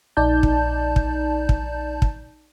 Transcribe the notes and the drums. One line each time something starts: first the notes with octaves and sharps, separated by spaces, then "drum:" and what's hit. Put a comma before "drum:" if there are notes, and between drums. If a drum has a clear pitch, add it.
A#1 D#4 D5 A5 G6
drum: kick
drum: kick
drum: kick
drum: kick